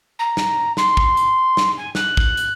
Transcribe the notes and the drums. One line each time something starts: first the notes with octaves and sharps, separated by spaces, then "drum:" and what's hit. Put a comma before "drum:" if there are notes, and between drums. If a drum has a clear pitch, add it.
A#5
drum: snare
C6, drum: snare
drum: kick
drum: hi-hat
drum: snare
G#5
F#6, drum: snare
drum: kick
drum: hi-hat